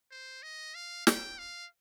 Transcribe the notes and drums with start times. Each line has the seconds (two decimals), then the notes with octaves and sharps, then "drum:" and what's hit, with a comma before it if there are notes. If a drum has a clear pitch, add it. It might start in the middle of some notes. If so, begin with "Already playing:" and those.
0.11 C5
0.43 D#5
0.75 F5
1.07 G5, drum: snare
1.39 F5